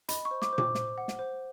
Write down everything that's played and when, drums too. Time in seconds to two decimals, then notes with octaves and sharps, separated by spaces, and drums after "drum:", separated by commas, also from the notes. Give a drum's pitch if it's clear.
0.09 D#5 B5, drum: hi-hat
0.25 C#6
0.31 C5
0.42 D6, drum: snare
0.53 C5
0.58 D6, drum: tom A#2
0.75 C5, drum: snare
0.98 F#5
1.08 drum: snare
1.19 C5